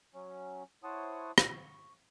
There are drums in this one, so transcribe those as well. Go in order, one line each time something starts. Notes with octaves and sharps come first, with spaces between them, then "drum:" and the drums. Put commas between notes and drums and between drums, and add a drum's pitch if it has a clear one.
F#3 C#4
E4 C5 C#5 F#5 A5 D#6
drum: rim click
C#6